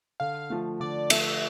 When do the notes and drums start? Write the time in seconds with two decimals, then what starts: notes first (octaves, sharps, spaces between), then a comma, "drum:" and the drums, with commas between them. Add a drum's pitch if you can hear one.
0.20 D3 F5
0.50 F3 A3
0.80 D3 D5
1.10 F3 A3 E5, drum: cymbal